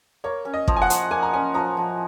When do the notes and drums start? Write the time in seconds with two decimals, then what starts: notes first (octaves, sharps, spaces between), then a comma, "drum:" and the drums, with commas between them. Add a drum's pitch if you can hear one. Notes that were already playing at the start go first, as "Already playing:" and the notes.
0.24 A#3 C#5
0.45 C#4
0.54 D#5
0.68 F3, drum: kick
0.76 G#5
0.82 F#5
0.90 F3, drum: hi-hat
1.11 A#3 G#5
1.23 A#5
1.33 C#4 G#5
1.54 F3 A#5
1.77 F3